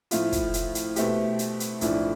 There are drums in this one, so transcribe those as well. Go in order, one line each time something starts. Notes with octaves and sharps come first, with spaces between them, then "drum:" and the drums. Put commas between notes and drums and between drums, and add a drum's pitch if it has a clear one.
A2 F3 A3 C4 F4, drum: hi-hat
drum: kick, hi-hat
drum: hi-hat
drum: hi-hat
B2 A3 C4 G4, drum: hi-hat
drum: hi-hat
drum: hi-hat
B1 A2 F3 A3 D4, drum: hi-hat